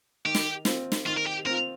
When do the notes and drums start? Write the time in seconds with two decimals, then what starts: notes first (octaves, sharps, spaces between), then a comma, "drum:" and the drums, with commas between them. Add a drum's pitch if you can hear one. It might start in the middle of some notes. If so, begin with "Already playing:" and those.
0.25 D#3 G4
0.35 drum: snare
0.65 C4 F4, drum: snare
0.92 drum: snare
1.06 D#3 F4
1.17 A#4
1.26 G4
1.46 C4 F4 A#4